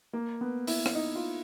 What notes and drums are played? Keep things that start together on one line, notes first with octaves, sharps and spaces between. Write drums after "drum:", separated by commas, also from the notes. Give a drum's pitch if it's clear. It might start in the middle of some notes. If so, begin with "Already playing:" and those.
A#3
B3
E4, drum: open hi-hat
drum: rim click
D#4
F4